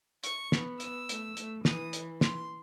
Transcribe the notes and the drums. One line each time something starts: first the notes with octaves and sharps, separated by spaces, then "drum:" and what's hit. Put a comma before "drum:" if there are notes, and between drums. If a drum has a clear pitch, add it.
C#6, drum: hi-hat
B3, drum: snare
E6, drum: hi-hat
A3, drum: hi-hat
A3, drum: hi-hat
E3 D#6, drum: snare
drum: hi-hat
C6, drum: snare